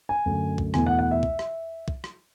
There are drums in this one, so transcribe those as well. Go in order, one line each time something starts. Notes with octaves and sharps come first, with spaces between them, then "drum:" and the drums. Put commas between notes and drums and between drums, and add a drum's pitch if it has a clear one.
G#5
F#2 D3 A3
drum: kick
E2 B2 A3 E4 G#5, drum: rim click
F#5
F#5
E5
drum: kick
drum: rim click
drum: kick
drum: rim click